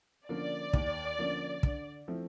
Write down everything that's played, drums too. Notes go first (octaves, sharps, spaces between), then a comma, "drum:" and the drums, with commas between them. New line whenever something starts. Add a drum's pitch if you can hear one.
D3 F3 A#3 C#4 D5
D#2, drum: kick
D3 F3 A#3 C#4
D3, drum: kick
F3 A3 C4 E4